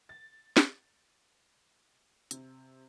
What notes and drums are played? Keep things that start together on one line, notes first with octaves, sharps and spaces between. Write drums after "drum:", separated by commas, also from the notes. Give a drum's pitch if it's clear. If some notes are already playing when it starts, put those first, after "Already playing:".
A6
drum: snare
C3, drum: hi-hat